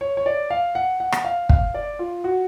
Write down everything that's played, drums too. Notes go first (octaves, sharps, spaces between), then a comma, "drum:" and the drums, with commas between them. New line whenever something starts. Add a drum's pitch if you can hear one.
C#5
C#5
D5
F5
F#5
F#5
drum: rim click
F5
F5, drum: kick
D5
F4
F#4